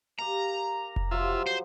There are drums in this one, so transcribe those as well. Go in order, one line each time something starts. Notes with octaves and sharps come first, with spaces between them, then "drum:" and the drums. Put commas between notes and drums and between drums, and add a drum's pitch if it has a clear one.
G4 A#4 F5 A#5
drum: kick F1
F3 F#3 F4 G4 E5
C5